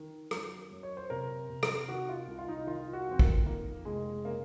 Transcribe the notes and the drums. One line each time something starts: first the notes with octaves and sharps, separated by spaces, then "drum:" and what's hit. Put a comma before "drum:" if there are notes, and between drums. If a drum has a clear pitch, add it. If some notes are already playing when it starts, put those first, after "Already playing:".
Already playing: D#3
F#2, drum: rim click
F#2
C#5
C5
C3 A#4
C3
drum: rim click
D#3 F#4
F4
C2
F4
D#4
D#3 F4
F#4
F2 C4
A#3, drum: kick
D#3 A#3
F1 G#3
C#3 A#3